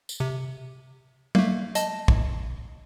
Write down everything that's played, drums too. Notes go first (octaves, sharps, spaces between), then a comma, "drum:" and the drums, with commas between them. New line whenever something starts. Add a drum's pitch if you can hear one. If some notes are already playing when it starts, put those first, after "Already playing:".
drum: tambourine
C3
A3 A#3, drum: tom F#3
D#5 A5, drum: hi-hat
drum: kick